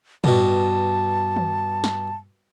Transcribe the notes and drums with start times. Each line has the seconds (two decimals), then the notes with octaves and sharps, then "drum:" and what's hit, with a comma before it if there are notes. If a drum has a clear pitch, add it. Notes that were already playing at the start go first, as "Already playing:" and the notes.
0.24 G2 B2 A5, drum: tom
1.36 drum: tom
1.84 drum: snare